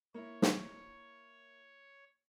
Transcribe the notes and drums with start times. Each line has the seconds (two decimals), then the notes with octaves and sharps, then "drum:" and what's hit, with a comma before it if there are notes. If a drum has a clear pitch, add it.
0.14 A#3 E4 C#5
0.42 drum: snare